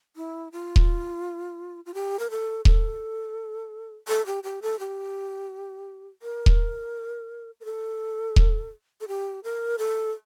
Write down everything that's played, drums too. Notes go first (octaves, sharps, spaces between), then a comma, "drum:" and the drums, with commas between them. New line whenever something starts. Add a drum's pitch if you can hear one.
E4
F4
drum: kick D#1
F4
G4
A#4
A4
A4, drum: kick D#1
A4
G4
G4
A4
G4
A#4
drum: kick D#1
A#4
A4
drum: kick D#1
A4
G4
A#4
A4